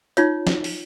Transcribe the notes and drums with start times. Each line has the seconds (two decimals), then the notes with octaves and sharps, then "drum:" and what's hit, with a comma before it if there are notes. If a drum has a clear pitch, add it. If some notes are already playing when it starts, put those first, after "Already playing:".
0.17 D#4 F4 C#5, drum: hi-hat
0.47 drum: snare
0.64 drum: open hi-hat